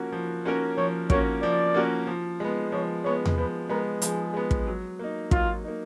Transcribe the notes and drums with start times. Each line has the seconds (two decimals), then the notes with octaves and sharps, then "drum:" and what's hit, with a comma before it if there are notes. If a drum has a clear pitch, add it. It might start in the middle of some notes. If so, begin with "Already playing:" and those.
Already playing: F3 A#3 C#4 F#4 A#4
0.12 F3
0.45 A#3 C#4 F#4 A#4
0.77 F3 C#5
1.10 A#3 C#4 F#4 A#4 C#5, drum: kick
1.42 F3 D5
1.74 A#3 C#4 F#4 A#4
2.07 F3
2.40 G#3 B3
2.72 F3 C#5
3.04 G#3 B3 C#5
3.26 drum: tom E2
3.36 F3 B4
3.69 G#3 B3 A#4
4.02 F3 G#4, drum: hi-hat
4.34 G#3 B3
4.51 drum: kick
4.67 F#3
4.99 A#3 D#4
5.31 F#3 F4, drum: kick
5.64 A#3 D#4